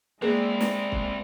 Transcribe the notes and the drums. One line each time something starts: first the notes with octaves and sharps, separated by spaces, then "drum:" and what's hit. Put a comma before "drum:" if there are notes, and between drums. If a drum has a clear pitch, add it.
G#3 A#3 C4 E4 G#4 D5
drum: snare
drum: kick